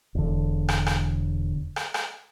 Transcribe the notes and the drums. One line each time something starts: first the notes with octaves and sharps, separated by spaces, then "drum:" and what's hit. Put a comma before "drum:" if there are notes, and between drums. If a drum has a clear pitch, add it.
E1 D3
drum: rim click
drum: rim click
drum: rim click
drum: rim click